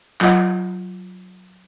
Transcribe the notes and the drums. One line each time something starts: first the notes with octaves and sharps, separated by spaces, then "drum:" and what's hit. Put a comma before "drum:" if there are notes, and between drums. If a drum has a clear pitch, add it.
F#3 F4 D#5 F#5, drum: clap